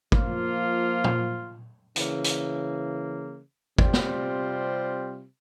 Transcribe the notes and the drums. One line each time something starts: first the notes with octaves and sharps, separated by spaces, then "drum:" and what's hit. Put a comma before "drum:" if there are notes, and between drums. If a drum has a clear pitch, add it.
F3 A#3 F4, drum: kick
drum: tom
C#3 E3 A#3, drum: hi-hat
drum: hi-hat
C3 G3 C4 F4, drum: kick
drum: snare